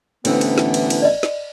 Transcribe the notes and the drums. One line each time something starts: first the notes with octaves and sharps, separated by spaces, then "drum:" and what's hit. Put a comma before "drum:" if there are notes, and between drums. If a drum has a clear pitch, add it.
A1 D3 E3 B3 C4, drum: cymbal
drum: cymbal
drum: snare
drum: cymbal
drum: cymbal
D5 D#5
drum: snare